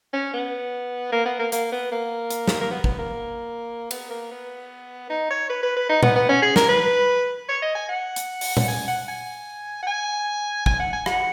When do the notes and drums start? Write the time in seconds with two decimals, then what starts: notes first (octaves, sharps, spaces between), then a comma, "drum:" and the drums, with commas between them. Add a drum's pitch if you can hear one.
0.13 C#4
0.33 B3
1.12 A#3
1.25 B3
1.39 A#3
1.52 A#3, drum: hi-hat
1.72 B3
1.92 A#3
2.30 drum: hi-hat
2.48 drum: snare
2.61 A#3
2.71 B3
2.84 B3, drum: kick
2.98 A#3
3.91 B3, drum: cymbal
4.10 A#3
4.31 B3
5.10 D#4
5.30 C#5
5.49 B4
5.63 B4
5.76 B4
5.89 D#4
6.03 B3, drum: tom A#2
6.15 B3
6.29 C#4
6.42 G#4
6.56 A#4, drum: snare
6.69 B4
7.48 C#5
7.62 D#5
7.75 G#5
7.89 F#5
8.16 drum: hi-hat
8.41 drum: open hi-hat
8.57 drum: tom A#2
8.68 G#5
8.88 F#5
9.08 G#5
9.82 F#5
9.87 G#5
10.66 G#5, drum: kick
10.79 F#5
10.93 G#5
11.06 F#5, drum: rim click